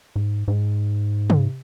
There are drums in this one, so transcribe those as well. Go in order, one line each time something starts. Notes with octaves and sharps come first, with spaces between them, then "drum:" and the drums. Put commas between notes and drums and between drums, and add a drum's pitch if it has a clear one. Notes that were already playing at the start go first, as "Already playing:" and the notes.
G#2
G#2
drum: tom C3